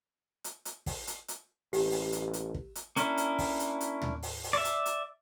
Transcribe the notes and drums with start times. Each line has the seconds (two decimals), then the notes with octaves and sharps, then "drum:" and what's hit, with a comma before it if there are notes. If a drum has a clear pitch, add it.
0.44 drum: hi-hat
0.65 drum: hi-hat
0.86 drum: kick, open hi-hat
1.07 drum: hi-hat
1.28 drum: hi-hat
1.73 A1 G4, drum: open hi-hat
1.91 drum: open hi-hat
2.12 drum: hi-hat
2.33 drum: hi-hat
2.54 drum: kick
2.75 drum: hi-hat
2.96 A#3 C#4 D4 E4, drum: hi-hat
3.17 drum: hi-hat
3.38 drum: kick, open hi-hat
3.59 drum: hi-hat
3.81 drum: hi-hat
4.02 drum: tom
4.23 drum: open hi-hat
4.44 drum: open hi-hat
4.53 D5 E5
4.65 drum: hi-hat
4.86 drum: hi-hat